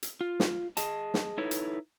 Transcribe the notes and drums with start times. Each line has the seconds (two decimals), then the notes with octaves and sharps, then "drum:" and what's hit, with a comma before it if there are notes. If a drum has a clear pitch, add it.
0.03 drum: hi-hat
0.21 F4
0.40 drum: snare
0.77 G#4 D#5 A5, drum: hi-hat
1.14 drum: snare
1.38 D#4 E4 A4 B4 C#5
1.51 drum: hi-hat